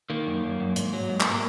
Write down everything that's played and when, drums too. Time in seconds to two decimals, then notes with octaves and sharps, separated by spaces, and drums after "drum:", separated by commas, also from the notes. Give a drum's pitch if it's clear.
0.10 D#3 A#3
0.27 F#2
0.43 F#2
0.60 F#2
0.76 G#2, drum: hi-hat
0.93 F#3
1.09 G#2
1.20 drum: clap
1.31 A#3